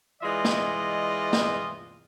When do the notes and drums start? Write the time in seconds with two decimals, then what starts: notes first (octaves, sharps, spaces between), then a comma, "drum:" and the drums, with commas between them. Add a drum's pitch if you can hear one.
0.22 E3 G#3 F4 D5 D#5
0.45 drum: snare
1.33 drum: snare